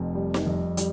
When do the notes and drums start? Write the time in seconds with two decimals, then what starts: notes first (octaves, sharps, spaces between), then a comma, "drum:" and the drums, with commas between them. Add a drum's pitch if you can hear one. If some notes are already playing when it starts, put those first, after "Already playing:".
Already playing: F1 F2
0.15 G3
0.34 drum: snare
0.46 F2
0.77 G3, drum: hi-hat